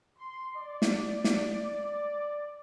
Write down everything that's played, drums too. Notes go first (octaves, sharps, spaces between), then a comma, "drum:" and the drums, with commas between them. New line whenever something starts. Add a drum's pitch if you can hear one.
C6
D5
drum: snare
drum: snare